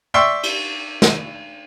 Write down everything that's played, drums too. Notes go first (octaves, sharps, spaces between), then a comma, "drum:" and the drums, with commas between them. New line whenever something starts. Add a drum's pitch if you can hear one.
D5 E5 G5 C6 C#6 E6
drum: cymbal
drum: snare